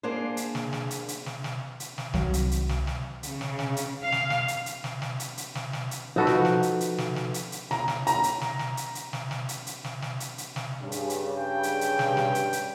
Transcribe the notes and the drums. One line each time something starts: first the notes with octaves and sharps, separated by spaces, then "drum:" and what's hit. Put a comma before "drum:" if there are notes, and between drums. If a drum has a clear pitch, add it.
A#3 D4 G#4 C5
drum: hi-hat
drum: snare
drum: snare
drum: hi-hat
drum: hi-hat
drum: snare
drum: snare
drum: hi-hat
drum: snare
C2 D#3 F#3, drum: snare
drum: hi-hat
drum: hi-hat
drum: snare
drum: snare
C#3, drum: hi-hat
drum: snare
drum: snare
drum: hi-hat
F5
drum: snare
drum: snare
drum: hi-hat
drum: hi-hat
drum: snare
drum: snare
drum: hi-hat
drum: hi-hat
drum: snare
drum: snare
drum: hi-hat
F3 D#4 F#4 A4 B4
drum: snare
drum: snare
drum: hi-hat
drum: hi-hat
drum: snare
drum: snare
drum: hi-hat
drum: hi-hat
A#5, drum: snare
drum: snare
A#5, drum: hi-hat
drum: hi-hat
drum: snare
drum: snare
drum: hi-hat
drum: hi-hat
drum: snare
drum: snare
drum: hi-hat
drum: hi-hat
drum: snare
drum: snare
drum: hi-hat
drum: hi-hat
drum: snare
G2 C#3
drum: hi-hat
drum: hi-hat
G5
drum: hi-hat
drum: hi-hat
drum: snare
drum: snare
drum: hi-hat
drum: hi-hat